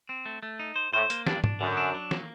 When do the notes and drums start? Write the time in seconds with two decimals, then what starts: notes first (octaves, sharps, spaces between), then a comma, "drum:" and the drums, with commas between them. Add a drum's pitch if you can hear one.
0.09 C4
0.26 A3
0.43 A3
0.59 D#4
0.76 C5
0.93 A2 C5
1.10 A#3, drum: hi-hat
1.27 G2 D4, drum: snare
1.44 D4, drum: tom G#2
1.60 F#2 D3
1.77 D4
1.95 F#3
2.11 A#3, drum: snare